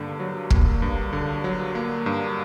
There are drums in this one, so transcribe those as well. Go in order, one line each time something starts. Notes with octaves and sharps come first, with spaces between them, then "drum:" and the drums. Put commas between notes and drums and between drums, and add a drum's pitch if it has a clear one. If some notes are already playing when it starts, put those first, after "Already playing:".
Already playing: G2 D3 A#3
F#3
A#3, drum: kick
G2
D3
F#3
A#3
G2